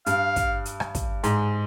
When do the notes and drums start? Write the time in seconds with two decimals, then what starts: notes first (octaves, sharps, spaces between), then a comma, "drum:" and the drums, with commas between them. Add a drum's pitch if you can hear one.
0.06 G2 G3 F5, drum: hi-hat
0.36 drum: kick, hi-hat
0.65 drum: hi-hat
0.80 drum: rim click
0.95 drum: kick, hi-hat
1.24 G#2 G#3, drum: hi-hat